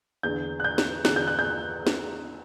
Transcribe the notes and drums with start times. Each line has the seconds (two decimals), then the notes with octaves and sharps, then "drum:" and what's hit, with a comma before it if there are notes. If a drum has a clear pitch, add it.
0.23 E2 D3 G6
0.60 F#6
0.64 G6
0.78 drum: snare
1.05 E2 D3 F#6, drum: snare
1.16 G6
1.27 F#6
1.39 G6
1.87 drum: snare